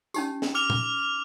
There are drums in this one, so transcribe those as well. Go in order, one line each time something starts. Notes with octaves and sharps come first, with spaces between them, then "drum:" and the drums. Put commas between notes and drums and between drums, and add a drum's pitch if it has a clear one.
C#4 D#4 G4, drum: tambourine
drum: snare
D6 F6 F7
drum: tom